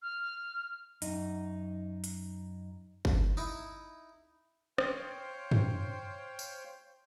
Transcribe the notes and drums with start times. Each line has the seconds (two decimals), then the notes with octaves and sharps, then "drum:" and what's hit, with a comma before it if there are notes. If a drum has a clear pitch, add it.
0.02 F6
1.02 F#2 D#4, drum: hi-hat
2.04 drum: hi-hat
3.05 drum: kick G1
3.37 D#4 E4
4.78 C5 C#5 F5 G5, drum: rim click
5.51 drum: tom F#2
6.39 drum: tambourine